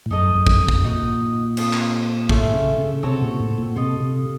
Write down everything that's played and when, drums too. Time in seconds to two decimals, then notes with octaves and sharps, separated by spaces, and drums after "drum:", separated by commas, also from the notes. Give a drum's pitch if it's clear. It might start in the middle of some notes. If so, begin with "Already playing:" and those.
0.06 A2
0.11 F#2 D#4 A4 D#5
0.35 F#2
0.47 drum: kick
0.59 F2
0.69 drum: kick
0.84 A#2 D#4 F#4 C5 D#5
1.57 C4 F4 A4 D#5, drum: cymbal
1.73 drum: clap
2.29 A2 A3 C#4 F4 A4, drum: kick
2.54 C#3
2.78 C#3
3.03 C3 C4 F#4 A4 C#5
3.22 A#2
3.40 A2
3.58 A#2
3.75 C3 F4 A4 D#5
4.00 C3